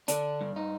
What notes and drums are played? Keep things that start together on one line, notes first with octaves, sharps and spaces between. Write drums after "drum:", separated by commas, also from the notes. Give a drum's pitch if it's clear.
D3 D4, drum: hi-hat
G2
D#4